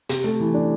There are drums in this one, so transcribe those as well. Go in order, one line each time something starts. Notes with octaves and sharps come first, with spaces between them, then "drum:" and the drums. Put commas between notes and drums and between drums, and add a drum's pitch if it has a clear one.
C3, drum: hi-hat
A3
E3
D4